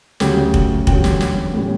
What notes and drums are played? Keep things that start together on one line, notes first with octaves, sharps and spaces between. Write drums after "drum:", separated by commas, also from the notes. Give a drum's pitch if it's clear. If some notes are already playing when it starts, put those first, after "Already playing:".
D2 C#3 F#3 C#4 G4 G5, drum: snare
drum: kick F1
E2 D3 F#3 C#4 G4 G5, drum: kick F1
drum: snare
drum: snare
A2 E3 G3 C#4